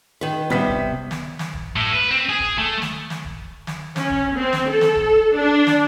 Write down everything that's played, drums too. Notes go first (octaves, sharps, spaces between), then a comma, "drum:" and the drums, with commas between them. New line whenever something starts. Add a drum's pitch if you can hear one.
D#3 B4
C3 G3 B3 B6
drum: kick
drum: snare
drum: snare
drum: kick
A2
B4
C4
G#4
drum: kick
A3
drum: snare
drum: snare
drum: kick
drum: snare
C#4, drum: snare
drum: kick
C4
drum: snare
A4
drum: snare
drum: kick
D4
drum: snare